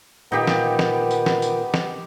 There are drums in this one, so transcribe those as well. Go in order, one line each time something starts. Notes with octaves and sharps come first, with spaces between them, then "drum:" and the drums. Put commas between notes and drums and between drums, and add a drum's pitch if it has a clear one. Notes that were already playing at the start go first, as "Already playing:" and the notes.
A#2 D#3 A#3 B3 D#4 G4
drum: snare
drum: snare
drum: tambourine
drum: snare
drum: tambourine
drum: snare